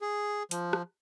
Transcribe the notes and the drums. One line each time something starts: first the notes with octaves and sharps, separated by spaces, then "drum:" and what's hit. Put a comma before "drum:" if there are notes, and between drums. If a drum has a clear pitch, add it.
G#4
F3, drum: hi-hat
drum: rim click